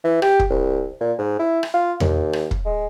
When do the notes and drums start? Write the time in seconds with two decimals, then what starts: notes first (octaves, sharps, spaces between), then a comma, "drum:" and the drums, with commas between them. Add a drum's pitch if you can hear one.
0.04 E3
0.22 G4, drum: rim click
0.39 drum: kick
0.50 C2
1.00 A#2
1.18 G#2
1.39 E4
1.63 drum: rim click
1.74 F4
2.00 D#2, drum: tom E2
2.33 drum: rim click
2.51 drum: kick
2.65 G#3